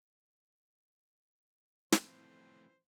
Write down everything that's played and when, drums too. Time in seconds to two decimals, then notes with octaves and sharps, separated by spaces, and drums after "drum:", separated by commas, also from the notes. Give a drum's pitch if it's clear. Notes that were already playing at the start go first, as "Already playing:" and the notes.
1.92 F2 A2 E3 C5, drum: snare